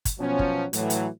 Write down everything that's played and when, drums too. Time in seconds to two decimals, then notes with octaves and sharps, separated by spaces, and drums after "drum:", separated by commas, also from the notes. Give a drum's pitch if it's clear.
0.05 drum: kick, hi-hat
0.19 B2 F3 F#3 C#4
0.39 drum: kick
0.73 A2 E3 F#3, drum: hi-hat
0.90 drum: hi-hat